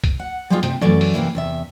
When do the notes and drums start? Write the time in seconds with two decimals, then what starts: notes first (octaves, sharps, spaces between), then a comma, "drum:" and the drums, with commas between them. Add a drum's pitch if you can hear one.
0.04 drum: kick C2, hi-hat
0.20 F#5
0.50 G3 G#3 B3 D#4 F4 G#4
0.63 C3 C4, drum: hi-hat
0.81 F#2 E3 F#3 A3 D5, drum: snare
1.01 drum: open hi-hat
1.14 C3 E3 A#3 E4
1.35 E2 C3 E5